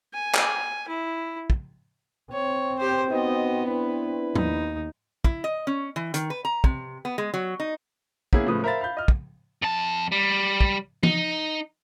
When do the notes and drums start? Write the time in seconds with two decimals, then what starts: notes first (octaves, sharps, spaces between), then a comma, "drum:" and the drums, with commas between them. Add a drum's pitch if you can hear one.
0.13 G#5
0.35 drum: clap
0.88 E4
1.50 drum: kick
2.32 C4 C#5
2.79 G4 C5
3.10 B3 D#4 F#4 D#5
3.67 D4 E4 B4
4.36 D#2 D#4, drum: tom G#2
5.24 E4, drum: kick
5.44 D#5
5.67 C#4
5.96 E3
6.14 D#3, drum: hi-hat
6.30 B4
6.45 A#5
6.64 C3, drum: kick
7.05 B3
7.18 G#3
7.34 F#3
7.60 D#4
8.33 A#3 B3 C#4 E4 G#4, drum: kick
8.47 A2 C#3 F3 G#3 B4 D#6
8.64 A#4 C5 E5 F5 B5 A6
8.81 F5 B5 G6
8.97 D#5 F6
9.08 drum: kick
9.62 F2 A5
10.12 G3
10.61 drum: kick
11.03 D#4, drum: tom E3